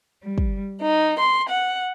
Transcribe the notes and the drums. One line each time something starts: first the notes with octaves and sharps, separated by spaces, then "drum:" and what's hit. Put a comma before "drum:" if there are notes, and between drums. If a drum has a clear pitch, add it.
G3
drum: kick
D#4
C6
F#5